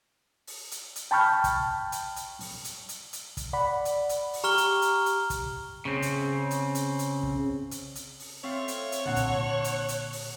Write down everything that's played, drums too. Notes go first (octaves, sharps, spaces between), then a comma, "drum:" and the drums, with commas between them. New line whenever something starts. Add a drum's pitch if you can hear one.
drum: open hi-hat
drum: hi-hat
drum: hi-hat
G5 A5 B5 C#6 F6 G6
drum: kick, hi-hat
drum: hi-hat
drum: hi-hat
drum: open hi-hat
drum: hi-hat
drum: hi-hat
drum: hi-hat
drum: kick, hi-hat
D5 F#5 B5
drum: hi-hat
drum: hi-hat
drum: open hi-hat
G4 A#5 C#6 F6 G7
drum: hi-hat
drum: hi-hat
drum: hi-hat
drum: kick, hi-hat
C#3 C4
drum: hi-hat
drum: hi-hat
drum: hi-hat
drum: hi-hat
drum: kick
drum: hi-hat
drum: hi-hat
drum: open hi-hat
A3 C4 F4 C#5
drum: hi-hat
drum: hi-hat
A#2 D3 C4 F#5 A5 F#6
drum: kick, hi-hat
drum: hi-hat
drum: hi-hat
drum: open hi-hat